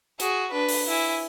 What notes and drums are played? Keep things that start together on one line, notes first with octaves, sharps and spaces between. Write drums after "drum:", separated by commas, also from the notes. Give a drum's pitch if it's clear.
F#4 G#4, drum: hi-hat
D4 B4
drum: open hi-hat
E4 G#5